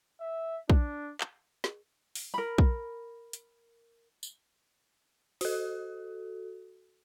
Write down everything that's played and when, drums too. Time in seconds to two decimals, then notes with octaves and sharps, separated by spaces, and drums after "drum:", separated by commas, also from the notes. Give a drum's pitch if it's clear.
0.21 E5
0.70 D4, drum: kick
1.21 drum: clap
1.64 drum: snare
2.15 drum: open hi-hat
2.34 A#4 B5
2.58 drum: kick
3.33 drum: hi-hat
4.23 drum: tambourine
5.41 F#4 A4, drum: open hi-hat